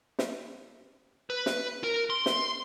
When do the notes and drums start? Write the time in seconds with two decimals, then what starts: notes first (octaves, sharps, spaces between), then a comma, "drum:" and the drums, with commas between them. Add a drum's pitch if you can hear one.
0.19 drum: snare
1.30 B4
1.46 drum: snare
1.84 A#4
2.10 C6
2.26 drum: snare